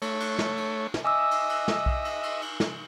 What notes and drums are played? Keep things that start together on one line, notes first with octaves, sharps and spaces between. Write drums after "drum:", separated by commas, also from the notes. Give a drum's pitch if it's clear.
A3 C#5, drum: cymbal
drum: cymbal
drum: snare
drum: cymbal
drum: snare
D#5 E5 G#5 D6 E6
drum: cymbal
drum: cymbal
drum: snare
drum: kick B1
drum: cymbal
drum: cymbal
drum: cymbal
drum: snare